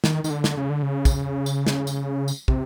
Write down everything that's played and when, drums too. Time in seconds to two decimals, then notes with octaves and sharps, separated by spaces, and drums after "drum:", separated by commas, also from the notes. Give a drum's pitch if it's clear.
0.04 D#3, drum: snare
0.24 D#3, drum: tambourine
0.30 D3
0.44 drum: snare
0.57 C#3
0.70 D3
0.82 C#3
1.05 drum: kick, tambourine
1.46 drum: tambourine
1.67 drum: snare
1.87 drum: tambourine
2.28 drum: tambourine
2.48 C3, drum: kick